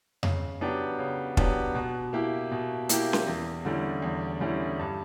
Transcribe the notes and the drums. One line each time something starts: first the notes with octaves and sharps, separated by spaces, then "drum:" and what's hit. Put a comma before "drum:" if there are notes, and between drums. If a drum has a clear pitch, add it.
C#3, drum: tom F2
F#3 B3 D4 G4
C#3
F#3 B3 D4 G4, drum: kick
B2
A#3 E4 G4
B2
A#3 E4 G4, drum: hi-hat
drum: snare C#4
E2
D3 G3 C#4 E4
E2
D3 G3 C#4 E4
G2